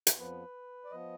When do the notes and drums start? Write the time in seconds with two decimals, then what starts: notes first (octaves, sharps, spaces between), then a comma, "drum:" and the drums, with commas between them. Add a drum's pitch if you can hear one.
0.07 drum: hi-hat
0.18 F2 F3 B3 B4
0.85 D5
0.91 F3 B3 D#5